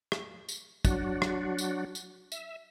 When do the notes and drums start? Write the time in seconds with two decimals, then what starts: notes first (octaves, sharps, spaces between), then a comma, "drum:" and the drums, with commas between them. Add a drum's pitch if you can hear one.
0.12 drum: rim click
0.49 drum: tambourine
0.85 F#3 D4 F#4, drum: kick, tambourine
1.22 drum: rim click
1.58 drum: tambourine
1.95 drum: tambourine
2.32 E5, drum: tambourine